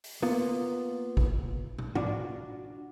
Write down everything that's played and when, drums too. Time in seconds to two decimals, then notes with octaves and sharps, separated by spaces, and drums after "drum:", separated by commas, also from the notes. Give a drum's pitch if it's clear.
0.04 drum: open hi-hat
0.22 A#3 B3 F4
1.17 drum: kick
1.78 drum: tom
1.96 D4 F4 F#4, drum: tom G#2